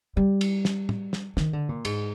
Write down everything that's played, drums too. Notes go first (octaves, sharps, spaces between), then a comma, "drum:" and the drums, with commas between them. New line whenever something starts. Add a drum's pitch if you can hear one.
G3
drum: cymbal
drum: snare
drum: tom
drum: snare
D#3, drum: snare
D3
A#2
G#2, drum: cymbal